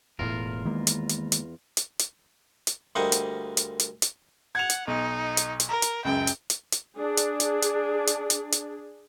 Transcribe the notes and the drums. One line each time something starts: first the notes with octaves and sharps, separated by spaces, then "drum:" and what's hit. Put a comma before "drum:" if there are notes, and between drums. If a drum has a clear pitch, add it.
E1 E2 A2 F4 A#4
D#3 G#3 A#3
drum: hi-hat
drum: hi-hat
drum: hi-hat
drum: hi-hat
drum: hi-hat
drum: hi-hat
D2 G3 A#3 C5 D#5 F#5
drum: hi-hat
drum: hi-hat
drum: hi-hat
drum: hi-hat
F#5 G#6 F7
drum: hi-hat
B1 D#4
drum: hi-hat
drum: hi-hat
A#4 A#5
drum: hi-hat
C#2 F#2 G5
drum: hi-hat
drum: hi-hat
drum: hi-hat
D4 G#4
drum: hi-hat
drum: hi-hat
drum: hi-hat
drum: hi-hat
drum: hi-hat
drum: hi-hat